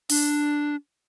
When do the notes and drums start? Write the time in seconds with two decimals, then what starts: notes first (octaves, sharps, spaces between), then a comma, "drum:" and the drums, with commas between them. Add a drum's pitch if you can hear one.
0.10 D4, drum: open hi-hat